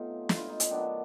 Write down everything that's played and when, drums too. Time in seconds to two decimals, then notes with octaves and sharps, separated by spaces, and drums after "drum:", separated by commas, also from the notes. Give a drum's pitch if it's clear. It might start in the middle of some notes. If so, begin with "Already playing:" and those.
Already playing: B2 F#3 A3 C4 D#4 F4
0.29 E4, drum: snare
0.36 F4
0.48 D#4
0.60 C#4, drum: hi-hat
0.71 D#3 F#3 B3 D4